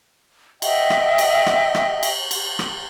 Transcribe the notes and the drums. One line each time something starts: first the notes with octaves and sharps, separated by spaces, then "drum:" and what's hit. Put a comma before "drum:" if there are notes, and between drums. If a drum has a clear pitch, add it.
D#5 E5 F#5 G5, drum: cymbal
drum: rim click
drum: cymbal
drum: rim click
drum: rim click
drum: cymbal
drum: cymbal
drum: rim click